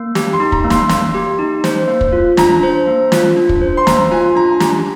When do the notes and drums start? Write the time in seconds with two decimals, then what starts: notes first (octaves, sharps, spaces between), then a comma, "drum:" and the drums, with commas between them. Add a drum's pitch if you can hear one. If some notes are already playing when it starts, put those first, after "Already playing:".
Already playing: A#3
0.15 G4, drum: snare
0.33 C6
0.40 D#4
0.52 A#5, drum: kick
0.64 A#3
0.70 C6, drum: snare
0.89 A#3, drum: snare
1.15 G4
1.39 D#4
1.64 C5, drum: snare
1.88 A#3
2.01 drum: kick
2.13 F4
2.37 D4 A#5, drum: snare
2.63 C5
2.87 A#3
3.12 F4, drum: snare
3.37 D4
3.49 drum: kick
3.62 C5
3.77 C6
3.87 A#3 A#5, drum: snare
4.11 F4 G#5
4.35 D4 A#5
4.60 G4 A#5, drum: snare